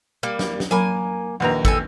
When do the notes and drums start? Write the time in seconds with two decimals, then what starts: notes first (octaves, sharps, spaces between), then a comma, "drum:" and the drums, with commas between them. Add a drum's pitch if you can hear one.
0.23 G3 A#3
0.39 drum: snare
0.60 drum: snare
0.71 F#3 A#3 A#4 G#5 B5
1.40 A#1 D#2 B4 F#5 A#5
1.65 A4 G5 G#5, drum: kick